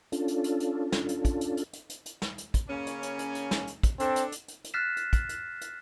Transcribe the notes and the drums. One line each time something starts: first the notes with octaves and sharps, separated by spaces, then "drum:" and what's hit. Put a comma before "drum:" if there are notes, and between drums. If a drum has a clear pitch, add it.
C#4 D4 F4 A4, drum: hi-hat
drum: hi-hat
drum: hi-hat
drum: hi-hat
drum: snare
drum: hi-hat
drum: kick, hi-hat
drum: hi-hat
drum: hi-hat
drum: hi-hat
drum: hi-hat
drum: hi-hat
drum: snare
drum: hi-hat
drum: kick, hi-hat
C#3 A#3 C#4
drum: hi-hat
drum: hi-hat
drum: hi-hat
drum: hi-hat
drum: snare
drum: hi-hat
drum: kick, hi-hat
C4 D4 A4, drum: hi-hat
drum: hi-hat
drum: hi-hat
drum: hi-hat
drum: hi-hat
F6 F#6 A6 B6 C7 E7
drum: hi-hat
drum: kick, hi-hat
drum: hi-hat
drum: hi-hat